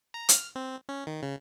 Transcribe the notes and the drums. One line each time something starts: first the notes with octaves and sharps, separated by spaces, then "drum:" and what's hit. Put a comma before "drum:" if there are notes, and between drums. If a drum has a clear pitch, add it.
A#5
F6, drum: hi-hat
C4
C#4
D#3
C#3